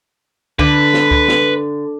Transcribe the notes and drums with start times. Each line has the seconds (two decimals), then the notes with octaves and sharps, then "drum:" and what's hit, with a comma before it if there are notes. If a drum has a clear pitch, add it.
0.59 D3 B4, drum: kick C#2
0.94 drum: snare
1.11 drum: kick C#2
1.29 drum: snare